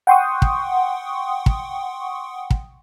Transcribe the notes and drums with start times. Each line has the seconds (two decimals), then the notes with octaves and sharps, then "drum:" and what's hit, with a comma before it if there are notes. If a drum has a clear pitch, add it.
0.07 F#5 G5 C6 C#6 D#6
0.42 drum: kick
1.46 drum: kick
2.50 drum: kick